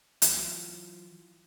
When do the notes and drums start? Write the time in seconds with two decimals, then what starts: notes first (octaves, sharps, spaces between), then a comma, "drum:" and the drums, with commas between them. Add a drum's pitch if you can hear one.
0.22 E3 F#3 F4, drum: hi-hat